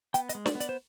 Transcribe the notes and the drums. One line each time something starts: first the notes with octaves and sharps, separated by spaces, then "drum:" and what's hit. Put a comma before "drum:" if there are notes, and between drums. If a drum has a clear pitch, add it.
B3 G5, drum: hi-hat
D#5, drum: hi-hat
G#3
D5, drum: snare
B3
D5, drum: hi-hat
C5